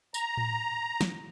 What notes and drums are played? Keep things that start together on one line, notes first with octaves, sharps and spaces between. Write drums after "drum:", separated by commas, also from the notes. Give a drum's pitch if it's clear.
A#5, drum: tambourine
drum: tom A2
drum: snare